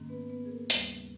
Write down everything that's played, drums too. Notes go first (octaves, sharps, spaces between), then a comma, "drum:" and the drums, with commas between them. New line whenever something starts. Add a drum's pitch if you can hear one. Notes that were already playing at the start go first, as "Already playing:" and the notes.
Already playing: G#2 D#3 A#3 C#4
B3 B4
B3 B4
G#4
A#3 A#4
D#2 C#3 G3 A#3, drum: hi-hat